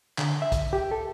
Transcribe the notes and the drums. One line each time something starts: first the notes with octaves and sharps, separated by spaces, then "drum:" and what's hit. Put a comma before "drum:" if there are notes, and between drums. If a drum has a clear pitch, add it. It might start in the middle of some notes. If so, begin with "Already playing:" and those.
D3, drum: clap
E5
drum: kick, hi-hat
G4
A4